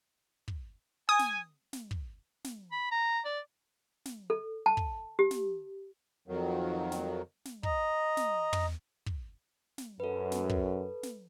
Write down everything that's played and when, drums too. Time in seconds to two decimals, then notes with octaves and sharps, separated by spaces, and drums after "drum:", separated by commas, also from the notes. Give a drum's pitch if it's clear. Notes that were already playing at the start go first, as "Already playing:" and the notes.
0.48 drum: kick
1.09 G#5 D#6
1.19 drum: snare
1.73 drum: snare
1.91 drum: kick
2.44 drum: snare
2.72 B5
2.91 A#5
3.25 D5
4.05 drum: snare
4.30 A4
4.66 A5
4.77 drum: kick
5.19 G4
5.31 drum: snare
6.28 F2 D#3 F#3
6.92 drum: snare
7.45 drum: snare
7.63 D#5 A#5, drum: kick
8.17 drum: snare
8.53 drum: tom
9.06 drum: kick
9.78 drum: snare
10.00 F#2 A4 B4
10.32 drum: snare
10.50 drum: kick
11.03 drum: snare